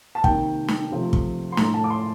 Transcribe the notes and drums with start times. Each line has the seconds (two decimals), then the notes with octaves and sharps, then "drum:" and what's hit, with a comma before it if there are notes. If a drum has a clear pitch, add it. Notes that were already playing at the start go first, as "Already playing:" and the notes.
0.15 A5
0.24 C3 D#3 A#3 G5, drum: kick
0.68 drum: snare
0.91 C3 F3 A3
1.13 drum: kick
1.52 C6
1.57 A2 A3 A#5, drum: snare
1.74 A5
1.84 D6
1.90 C6